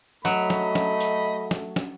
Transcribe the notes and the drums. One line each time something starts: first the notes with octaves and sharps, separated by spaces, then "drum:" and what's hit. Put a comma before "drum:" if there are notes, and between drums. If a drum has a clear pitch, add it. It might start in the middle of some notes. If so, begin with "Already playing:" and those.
F#3 A3 D#5 B5, drum: hi-hat
drum: snare
drum: snare
drum: hi-hat
drum: snare
drum: snare